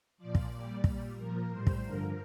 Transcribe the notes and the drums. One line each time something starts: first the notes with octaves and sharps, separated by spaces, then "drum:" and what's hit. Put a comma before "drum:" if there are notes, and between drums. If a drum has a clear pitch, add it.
A#2 F3 D5
drum: kick
A#2 G3 D5
A#2 G3, drum: kick
A#2 F3 A#4
A2 G3 C5
drum: kick
G2 D3 F3 A#4